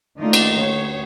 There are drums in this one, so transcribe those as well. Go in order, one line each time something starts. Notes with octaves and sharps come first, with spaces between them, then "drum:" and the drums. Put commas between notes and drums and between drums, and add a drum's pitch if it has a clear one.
D#3 A3 A#3 D#4 F4 D5
drum: cymbal
D2 C#5